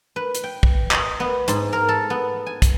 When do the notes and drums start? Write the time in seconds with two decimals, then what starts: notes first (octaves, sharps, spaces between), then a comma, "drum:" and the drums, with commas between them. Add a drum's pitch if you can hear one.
0.16 B4
0.35 drum: hi-hat
0.44 G5
0.63 drum: kick
0.91 D#5, drum: clap
1.20 B3
1.48 G#2, drum: hi-hat
1.73 A#4
1.89 A4
2.10 B3
2.46 G#5
2.62 drum: kick, hi-hat